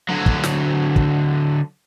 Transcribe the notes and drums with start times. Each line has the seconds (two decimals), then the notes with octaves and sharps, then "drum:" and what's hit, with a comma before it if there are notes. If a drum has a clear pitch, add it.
0.09 D3 F#3
0.26 drum: kick
0.44 drum: snare
0.96 drum: kick